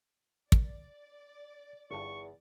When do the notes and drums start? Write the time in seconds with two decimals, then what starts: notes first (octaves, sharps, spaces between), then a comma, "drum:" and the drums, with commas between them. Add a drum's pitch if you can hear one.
0.52 A#4 D5, drum: kick
1.91 G1 E2 G2 C#6